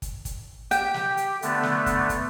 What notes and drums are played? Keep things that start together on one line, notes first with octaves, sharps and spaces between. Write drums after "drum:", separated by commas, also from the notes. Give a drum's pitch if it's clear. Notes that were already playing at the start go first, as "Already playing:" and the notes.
drum: kick, hi-hat
drum: kick, hi-hat
G4 G5, drum: hi-hat
drum: snare
drum: hi-hat
D3 A3 B3, drum: hi-hat
drum: snare
drum: kick, hi-hat
drum: kick, hi-hat